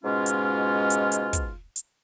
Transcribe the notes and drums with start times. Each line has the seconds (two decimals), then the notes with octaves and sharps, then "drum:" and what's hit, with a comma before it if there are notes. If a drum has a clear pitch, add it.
0.05 G#2 B2 G#3 C#4 F4
0.26 drum: hi-hat
0.90 drum: hi-hat
1.12 drum: hi-hat
1.33 drum: kick, hi-hat
1.76 drum: hi-hat